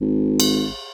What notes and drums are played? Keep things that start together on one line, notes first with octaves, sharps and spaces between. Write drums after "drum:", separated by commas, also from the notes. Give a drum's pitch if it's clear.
G#1
drum: cymbal